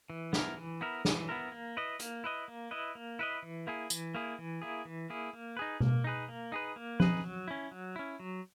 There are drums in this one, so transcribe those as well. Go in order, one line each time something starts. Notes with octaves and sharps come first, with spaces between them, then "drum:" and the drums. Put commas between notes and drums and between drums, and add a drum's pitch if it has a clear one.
E3
B3 E4 A#4, drum: snare
E3
B3 E4 A#4
E3, drum: snare
B3 E4 A#4
A#3
E4 B4 D#5
A#3, drum: hi-hat
E4 B4 D#5
A#3
E4 B4 D#5
A#3
E4 B4 D#5
E3
A#3 E4 G#4
E3, drum: tambourine
A#3 E4 G#4
E3
A#3 E4 G#4
E3
A#3 E4 G#4
A#3
D#4 G#4 B4
A#3, drum: tom B2
D#4 G#4 B4
A#3
D#4 G#4 B4
A#3
D#4 G#4 B4, drum: tom F3
F#3
C#4 E4
F#3
C#4 E4
F#3